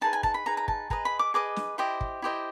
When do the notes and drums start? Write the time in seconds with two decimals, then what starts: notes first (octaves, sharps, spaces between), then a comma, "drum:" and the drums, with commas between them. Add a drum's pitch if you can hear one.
0.01 D#4 G#4 B4 A5
0.13 G#5
0.23 A5, drum: kick
0.34 B5
0.46 D#4 G#4 B4 A#5
0.57 A#5
0.68 A5, drum: kick
0.90 G#4 B4 D#5 A#5, drum: kick
1.05 B5
1.19 D6
1.34 G#4 B4 D#5 D6
1.56 drum: snare
1.78 E4 G4 C5 D#5
2.01 drum: kick
2.22 E4 G4 C5 D#5